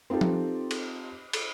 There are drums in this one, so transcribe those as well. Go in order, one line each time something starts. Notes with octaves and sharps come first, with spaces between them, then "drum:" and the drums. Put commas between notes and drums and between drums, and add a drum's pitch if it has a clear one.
C4 D#4 F4 G4 A4
drum: tom F3
drum: cymbal
drum: cymbal